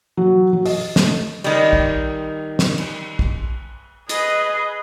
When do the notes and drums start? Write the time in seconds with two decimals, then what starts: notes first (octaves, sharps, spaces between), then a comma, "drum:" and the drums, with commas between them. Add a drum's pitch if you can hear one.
0.17 F#3
0.53 F#3
0.66 D#5, drum: open hi-hat
0.96 A3, drum: snare
1.44 D#3 G3, drum: cymbal
1.73 drum: kick
2.59 drum: snare
2.78 drum: cymbal
3.19 drum: kick
4.09 G#4 B4 D#5, drum: hi-hat